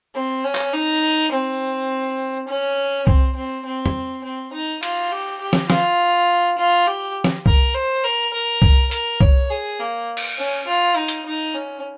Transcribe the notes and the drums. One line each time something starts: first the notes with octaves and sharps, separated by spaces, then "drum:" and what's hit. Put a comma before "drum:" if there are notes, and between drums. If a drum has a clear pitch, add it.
C4
C#4
drum: clap
D#4
C4
C#4
C4, drum: kick C2
C4
C4
drum: tom E2
C4
D#4
F4, drum: cymbal
G4
G4
drum: snare
F4, drum: snare
F4
G4
drum: snare
A#4, drum: kick C2
C5
A#4
A#4
drum: kick C2
A#4, drum: hi-hat
C#5, drum: kick C2
G#4
A#3
drum: cymbal
C#4
F4
D#4
drum: hi-hat
D#4
C#4